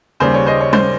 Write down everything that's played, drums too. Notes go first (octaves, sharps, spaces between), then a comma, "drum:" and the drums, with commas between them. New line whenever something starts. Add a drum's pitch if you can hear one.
D#2 C#3 G3 C5
C#5
C5 D#5
C#5
C5, drum: tom G3